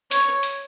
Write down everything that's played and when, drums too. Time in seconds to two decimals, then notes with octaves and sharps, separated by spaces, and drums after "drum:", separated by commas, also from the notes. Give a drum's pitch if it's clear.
0.11 C#5, drum: hi-hat
0.43 drum: hi-hat